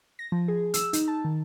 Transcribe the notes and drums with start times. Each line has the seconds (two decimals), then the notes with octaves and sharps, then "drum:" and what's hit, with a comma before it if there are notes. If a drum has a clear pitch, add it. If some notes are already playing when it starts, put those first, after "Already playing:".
0.19 A#6
0.32 F3
0.48 G#4
0.74 E6, drum: hi-hat
0.93 D#4, drum: hi-hat
1.08 A5
1.25 D#3